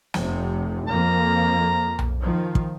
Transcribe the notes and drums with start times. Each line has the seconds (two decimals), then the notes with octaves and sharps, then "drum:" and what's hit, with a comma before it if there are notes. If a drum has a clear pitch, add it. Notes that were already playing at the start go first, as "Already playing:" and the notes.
0.14 F1 C3, drum: snare
0.88 F2 F3 A#3 A#5
1.99 drum: tom B1
2.22 D#3 F3
2.55 drum: kick